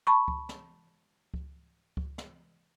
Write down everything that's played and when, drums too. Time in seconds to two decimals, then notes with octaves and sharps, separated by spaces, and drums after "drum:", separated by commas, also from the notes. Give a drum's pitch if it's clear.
0.07 A5 B5 C#6
0.28 drum: kick C#2
0.49 drum: snare
1.34 drum: kick C#2
1.97 drum: kick C#2
2.18 drum: snare